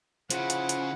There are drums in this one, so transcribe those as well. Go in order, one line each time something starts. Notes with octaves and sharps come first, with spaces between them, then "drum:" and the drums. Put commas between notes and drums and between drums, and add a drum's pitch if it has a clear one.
C#3 F3 E4 F#5, drum: hi-hat
drum: hi-hat
drum: hi-hat